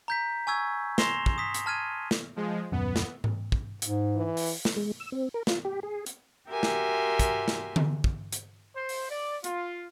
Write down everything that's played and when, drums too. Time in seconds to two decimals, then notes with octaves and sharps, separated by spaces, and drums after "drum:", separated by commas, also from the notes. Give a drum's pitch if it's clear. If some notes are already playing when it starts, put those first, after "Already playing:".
0.08 A#5 G6 B6
0.47 G#5 C#6 E6 G#6
0.98 C6 A#6 C7 E7 F7 G7, drum: snare
1.26 drum: kick
1.38 D#6 B6
1.54 drum: hi-hat
1.66 A5 F6 G#6 D#7
2.11 drum: snare
2.36 F3 G#3
2.72 D#1 F#2 B3
2.96 drum: snare
3.24 drum: tom G#2
3.52 drum: kick
3.82 G#2, drum: hi-hat
4.16 E3
4.37 drum: open hi-hat
4.65 drum: snare
4.76 G#3
5.00 E6
5.12 C4
5.34 A#4
5.47 F4, drum: snare
5.65 G4
5.83 G#4
6.06 drum: hi-hat
6.48 F#4 G4 A#4 E5 G#5 C6
6.63 drum: snare
7.19 drum: kick, hi-hat
7.48 drum: snare
7.76 drum: tom D3
8.04 drum: kick
8.32 drum: hi-hat
8.75 C5
8.89 drum: open hi-hat
9.09 D5
9.44 F4, drum: hi-hat